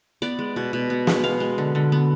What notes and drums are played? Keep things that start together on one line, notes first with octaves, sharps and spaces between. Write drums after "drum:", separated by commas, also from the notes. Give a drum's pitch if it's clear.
B3 D5
G#3
B2
B2
B3
G#3, drum: snare
B3 F5
G#3
D3
D3
B3